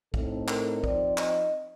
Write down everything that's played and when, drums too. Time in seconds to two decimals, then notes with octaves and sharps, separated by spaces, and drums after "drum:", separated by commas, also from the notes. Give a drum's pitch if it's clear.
0.14 A2 A3 C4 D#4 A4, drum: kick
0.48 A#4, drum: clap
0.84 F3 C4 D#4 D5, drum: kick
1.18 D#5, drum: clap